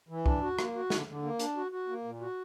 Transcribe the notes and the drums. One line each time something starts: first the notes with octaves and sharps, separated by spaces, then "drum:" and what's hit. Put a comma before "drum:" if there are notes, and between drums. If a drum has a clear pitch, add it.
E3
D4, drum: kick
F#4
A#3, drum: rim click
F#4
D3, drum: snare
D3
A#3
D4, drum: hi-hat
F#4
F#4
A#3
A#2
F#4